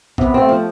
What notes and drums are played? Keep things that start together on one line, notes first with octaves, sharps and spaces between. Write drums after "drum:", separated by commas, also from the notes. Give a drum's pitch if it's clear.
C3 B3, drum: kick A#1
C4
A3
F3